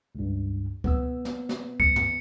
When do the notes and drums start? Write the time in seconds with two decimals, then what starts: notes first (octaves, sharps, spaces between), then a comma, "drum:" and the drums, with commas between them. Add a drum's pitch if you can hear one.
0.15 C#2 G2
0.84 B3 E6, drum: kick C#2
1.25 drum: snare
1.49 drum: snare
1.80 C#7, drum: kick C#2
1.96 drum: tom